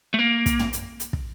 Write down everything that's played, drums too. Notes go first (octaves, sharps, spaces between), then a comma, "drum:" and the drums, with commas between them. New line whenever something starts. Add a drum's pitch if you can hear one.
A3
A#3
drum: kick, hi-hat
drum: tom
drum: hi-hat
drum: hi-hat
drum: kick